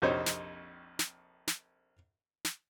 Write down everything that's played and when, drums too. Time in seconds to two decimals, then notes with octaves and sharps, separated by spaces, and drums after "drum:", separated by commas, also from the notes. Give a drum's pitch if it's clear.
0.02 A#1 F2 C3 D#4 C5 C#5
0.26 drum: snare
0.99 drum: snare
1.47 drum: snare
2.45 drum: snare